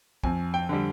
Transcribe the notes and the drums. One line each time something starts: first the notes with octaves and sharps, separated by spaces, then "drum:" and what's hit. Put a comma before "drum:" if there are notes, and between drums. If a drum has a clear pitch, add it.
F2 G#5, drum: kick
G5
D3 G3